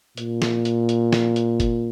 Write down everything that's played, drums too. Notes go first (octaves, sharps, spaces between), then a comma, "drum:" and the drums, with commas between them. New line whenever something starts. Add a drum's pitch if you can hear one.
A#2, drum: hi-hat
drum: snare
drum: hi-hat
drum: hi-hat
drum: snare
drum: hi-hat
drum: kick F#1, hi-hat